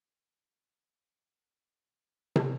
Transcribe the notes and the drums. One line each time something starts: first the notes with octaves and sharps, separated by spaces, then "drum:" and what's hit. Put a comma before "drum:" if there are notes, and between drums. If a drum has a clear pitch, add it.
D#5
D#4
G5
B4
A6
drum: tom